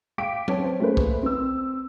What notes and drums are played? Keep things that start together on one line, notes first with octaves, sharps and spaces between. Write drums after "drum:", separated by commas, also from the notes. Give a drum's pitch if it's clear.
F5 G5 D6 B6 D7
C4 C#4 B4 C#5 A5, drum: tom F#3
C5
A3 A#3 C#4 G#4 B4 C5
drum: kick
C4 E6